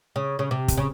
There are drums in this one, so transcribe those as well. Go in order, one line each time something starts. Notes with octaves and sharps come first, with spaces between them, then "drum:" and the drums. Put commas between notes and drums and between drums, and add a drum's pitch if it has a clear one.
C#3
C#3
C3
drum: kick, hi-hat
C#3